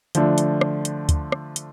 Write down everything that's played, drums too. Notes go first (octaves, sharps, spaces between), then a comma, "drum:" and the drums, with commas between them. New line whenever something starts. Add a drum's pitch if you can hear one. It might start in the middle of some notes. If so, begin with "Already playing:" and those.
D3 F3 A3 D4, drum: hi-hat
drum: hi-hat
drum: rim click
drum: hi-hat
drum: kick, hi-hat
drum: rim click
drum: hi-hat